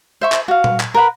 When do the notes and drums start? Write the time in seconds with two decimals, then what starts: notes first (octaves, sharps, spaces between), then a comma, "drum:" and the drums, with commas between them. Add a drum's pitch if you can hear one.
0.21 C5 E5 C#6
0.32 drum: clap
0.48 F#4 F5
0.64 drum: tom A#2
0.80 drum: clap
0.94 A#4 B4 F#5 B5